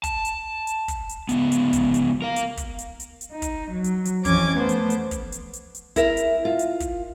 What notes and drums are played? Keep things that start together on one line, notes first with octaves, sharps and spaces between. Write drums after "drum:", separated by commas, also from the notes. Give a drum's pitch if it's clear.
A5, drum: kick, hi-hat
drum: hi-hat
drum: hi-hat
drum: kick, hi-hat
drum: hi-hat
C#2 B3, drum: hi-hat
drum: hi-hat
drum: kick, hi-hat
drum: hi-hat
A#4 F5
drum: hi-hat
drum: kick, hi-hat
drum: hi-hat
drum: hi-hat
drum: hi-hat
D#4
drum: kick, hi-hat
F#3
drum: hi-hat
drum: hi-hat
F2 E3 F3 C#4 D6 G#6, drum: kick, hi-hat
A3 B3 C5
drum: hi-hat
drum: hi-hat
drum: kick, hi-hat
drum: hi-hat
drum: hi-hat
drum: hi-hat
E4 A#4 E5, drum: kick, hi-hat
drum: hi-hat
F4
drum: hi-hat
drum: kick, hi-hat